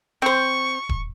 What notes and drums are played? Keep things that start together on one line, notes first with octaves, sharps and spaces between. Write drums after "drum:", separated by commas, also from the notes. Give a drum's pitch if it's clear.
C4 C5 C#6
drum: kick D#1